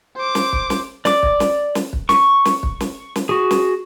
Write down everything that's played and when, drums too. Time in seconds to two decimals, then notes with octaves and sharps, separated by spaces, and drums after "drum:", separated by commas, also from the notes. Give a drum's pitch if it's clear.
0.16 C5 D6
0.35 drum: snare
0.53 drum: kick
0.70 drum: snare
1.05 D5 D6, drum: snare
1.23 drum: kick
1.40 drum: snare
1.75 drum: snare
1.93 drum: kick
2.09 C#6, drum: snare
2.45 drum: snare
2.63 drum: kick
2.80 drum: snare
3.16 drum: snare
3.29 F#4 G#4
3.51 drum: snare